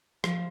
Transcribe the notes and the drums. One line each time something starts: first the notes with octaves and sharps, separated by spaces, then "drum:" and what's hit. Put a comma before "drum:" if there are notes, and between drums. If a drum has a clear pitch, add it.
F3, drum: rim click